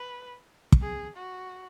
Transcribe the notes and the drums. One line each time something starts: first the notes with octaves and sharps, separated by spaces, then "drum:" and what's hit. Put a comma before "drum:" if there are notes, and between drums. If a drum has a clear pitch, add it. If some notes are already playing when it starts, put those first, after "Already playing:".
Already playing: B4
drum: kick
G#4
F#4